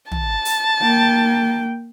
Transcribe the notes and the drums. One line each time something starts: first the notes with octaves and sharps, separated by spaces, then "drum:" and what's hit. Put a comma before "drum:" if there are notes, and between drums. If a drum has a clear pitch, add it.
A5, drum: tom
drum: open hi-hat
A#3 G5